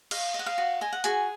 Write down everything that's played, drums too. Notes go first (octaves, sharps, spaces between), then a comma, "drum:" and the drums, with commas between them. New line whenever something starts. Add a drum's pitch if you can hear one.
D#5 F5, drum: cymbal
D#5
F#5
F5
F#4
D#5 G#5
F#5
F#4 G#4 G#5, drum: hi-hat